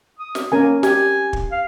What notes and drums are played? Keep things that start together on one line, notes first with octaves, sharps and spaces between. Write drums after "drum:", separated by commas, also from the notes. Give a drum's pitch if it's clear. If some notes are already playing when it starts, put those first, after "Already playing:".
D#6
drum: snare
A#3 C#4 A#4 G#5
G4 G#5, drum: snare
drum: kick
F5